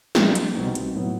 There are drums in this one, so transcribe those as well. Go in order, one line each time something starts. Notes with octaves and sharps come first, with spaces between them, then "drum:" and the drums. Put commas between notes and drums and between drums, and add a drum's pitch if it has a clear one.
A#2 F3 G#3 B3 D4, drum: snare
drum: hi-hat
C2 B2 G3 C4 D#4
drum: hi-hat
A2 F#3 B3 E4